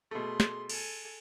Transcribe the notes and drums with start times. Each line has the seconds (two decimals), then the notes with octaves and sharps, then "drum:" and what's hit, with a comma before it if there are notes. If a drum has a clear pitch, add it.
0.11 B2 A3 G#4 C6
0.40 drum: snare
0.70 A4 G#5, drum: cymbal